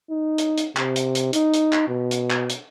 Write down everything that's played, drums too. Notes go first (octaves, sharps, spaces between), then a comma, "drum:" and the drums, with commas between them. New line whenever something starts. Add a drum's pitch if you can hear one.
D#4
drum: hi-hat
drum: hi-hat
C3, drum: clap
drum: hi-hat
drum: hi-hat
D#4, drum: hi-hat
drum: hi-hat
drum: clap
B2
drum: hi-hat
drum: clap
drum: hi-hat